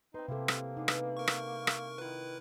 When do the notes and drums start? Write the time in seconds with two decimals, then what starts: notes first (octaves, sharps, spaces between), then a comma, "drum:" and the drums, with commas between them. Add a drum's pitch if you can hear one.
0.14 C4 D#4 B4 C6
0.28 C3 A#3 E4 G4 A4 C5
0.48 drum: rim click
0.77 B3 D4 D#4 G#4
0.88 drum: rim click
1.17 A#4 C#6
1.28 drum: rim click
1.67 drum: rim click
1.98 D#3 E4 F4 A#4 B4